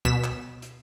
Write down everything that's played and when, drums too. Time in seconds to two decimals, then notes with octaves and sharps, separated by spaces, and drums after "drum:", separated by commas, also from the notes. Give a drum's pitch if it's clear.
0.05 B2 B6 E7, drum: kick
0.24 drum: clap
0.62 drum: hi-hat